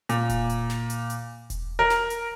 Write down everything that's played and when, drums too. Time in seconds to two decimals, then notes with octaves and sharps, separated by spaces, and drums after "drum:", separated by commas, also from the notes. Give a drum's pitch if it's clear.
0.09 A#2, drum: hi-hat
0.29 drum: kick E1, hi-hat
0.50 drum: hi-hat
0.70 drum: snare
0.90 drum: hi-hat
1.10 drum: hi-hat
1.50 drum: kick E1, hi-hat
1.79 A#4
1.90 drum: snare
2.10 drum: hi-hat